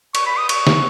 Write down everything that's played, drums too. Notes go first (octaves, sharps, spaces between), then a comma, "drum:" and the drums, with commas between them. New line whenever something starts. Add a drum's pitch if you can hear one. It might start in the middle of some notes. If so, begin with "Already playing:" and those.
C#6, drum: cymbal
B5
D#6
C#6, drum: cymbal
drum: snare